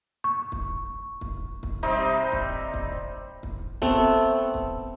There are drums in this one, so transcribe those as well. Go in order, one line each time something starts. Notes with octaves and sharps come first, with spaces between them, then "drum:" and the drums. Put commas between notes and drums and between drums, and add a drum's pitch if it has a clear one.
C#6
drum: kick
drum: kick
drum: kick
C3 G3 C4 D#4
drum: kick
drum: kick
drum: kick
A3 B3 C4, drum: kick
drum: kick